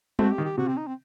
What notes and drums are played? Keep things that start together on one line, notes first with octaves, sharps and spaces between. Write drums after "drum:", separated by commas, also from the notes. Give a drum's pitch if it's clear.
A3 C4 F#4, drum: tom G3
G4
D#3
G4
C3 F#4
C4
D#4
C4